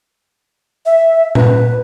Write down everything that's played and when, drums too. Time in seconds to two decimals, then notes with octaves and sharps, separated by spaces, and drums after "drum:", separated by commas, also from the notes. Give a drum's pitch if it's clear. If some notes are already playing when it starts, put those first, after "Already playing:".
0.86 E5
1.35 B4, drum: tom A#2